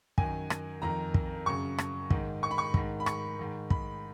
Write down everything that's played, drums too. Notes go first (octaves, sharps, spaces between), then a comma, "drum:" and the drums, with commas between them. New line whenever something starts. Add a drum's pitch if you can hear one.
F#2 D#3 G#5, drum: kick
drum: rim click
F2 D#3 A#5
drum: kick
F#2 C#3 C#6
drum: rim click
G#2 D#3, drum: kick
C#6
B5
C#6
G#2 D#3, drum: kick
B5
C#6, drum: rim click
G#2 D#3
B5, drum: kick